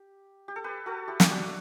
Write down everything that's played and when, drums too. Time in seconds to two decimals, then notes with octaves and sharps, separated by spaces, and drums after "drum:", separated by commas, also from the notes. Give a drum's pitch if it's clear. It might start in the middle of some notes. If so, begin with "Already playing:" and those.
Already playing: G4
0.48 G4
0.56 A4
0.64 G4 B4
0.86 F#4 A4
1.08 E4 G4
1.20 G4, drum: snare
1.30 D4 F#4